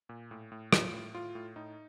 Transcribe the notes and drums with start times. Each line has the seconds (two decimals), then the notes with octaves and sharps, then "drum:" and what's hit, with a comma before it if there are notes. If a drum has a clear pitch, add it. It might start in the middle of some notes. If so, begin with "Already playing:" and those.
0.09 A#2
0.31 A2
0.52 A2
0.73 A2 F4, drum: rim click
0.93 A2
1.14 A2 F4
1.35 A2
1.56 A2 D#4